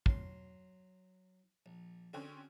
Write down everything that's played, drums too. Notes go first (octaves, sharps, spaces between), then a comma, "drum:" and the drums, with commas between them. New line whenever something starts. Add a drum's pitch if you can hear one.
F#3 C6, drum: kick
A#1
D3 C4 C#4 F#4 G#4